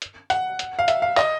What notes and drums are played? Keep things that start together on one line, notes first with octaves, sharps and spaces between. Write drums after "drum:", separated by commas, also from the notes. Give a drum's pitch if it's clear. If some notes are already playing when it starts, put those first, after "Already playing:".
drum: hi-hat
F#5, drum: hi-hat
drum: hi-hat
F5
E5, drum: hi-hat
F5
D#5, drum: clap